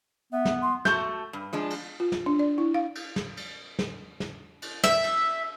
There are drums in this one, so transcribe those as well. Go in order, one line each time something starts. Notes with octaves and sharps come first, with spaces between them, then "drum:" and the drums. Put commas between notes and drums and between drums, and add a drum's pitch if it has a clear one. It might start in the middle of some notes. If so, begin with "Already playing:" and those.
B3 E5
drum: snare
C6
A3 F#4 A5 G6, drum: snare
G2
F3 G#3 D4
drum: cymbal
F4
drum: snare
D4
D5
E4
F5
drum: cymbal
drum: snare
drum: cymbal
drum: snare
drum: snare
drum: cymbal
E5, drum: snare
drum: cymbal